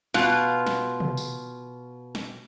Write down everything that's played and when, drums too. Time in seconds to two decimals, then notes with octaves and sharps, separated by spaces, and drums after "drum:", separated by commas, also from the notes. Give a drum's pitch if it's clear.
0.14 B2 F4, drum: snare
0.66 drum: snare
1.00 drum: tom
1.17 drum: tambourine
2.15 drum: snare